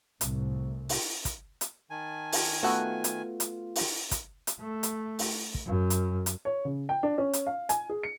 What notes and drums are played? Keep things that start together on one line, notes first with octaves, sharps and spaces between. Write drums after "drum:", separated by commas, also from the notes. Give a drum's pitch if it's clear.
C2 A2, drum: hi-hat
drum: open hi-hat
drum: kick, hi-hat
drum: hi-hat
D#3 G#5 A5
drum: open hi-hat
A3 B3 F4 F#4 F#5
drum: hi-hat
drum: hi-hat
drum: open hi-hat
drum: kick, hi-hat
drum: hi-hat
A3
drum: hi-hat
drum: open hi-hat
drum: kick
F#2
drum: hi-hat
drum: hi-hat
C#5
C#3
G5
D4
C#4
drum: hi-hat
F5
G#5, drum: hi-hat
G#4
C#7